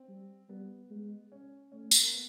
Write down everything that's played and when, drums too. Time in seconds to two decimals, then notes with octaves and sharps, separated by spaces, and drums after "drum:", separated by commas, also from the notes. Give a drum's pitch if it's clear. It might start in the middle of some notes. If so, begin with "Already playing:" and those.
Already playing: C4
0.09 G3
0.49 G3 B3
0.90 G#3
1.32 C#4
1.72 A3 C#4
1.91 drum: tambourine
2.01 A#3
2.13 B3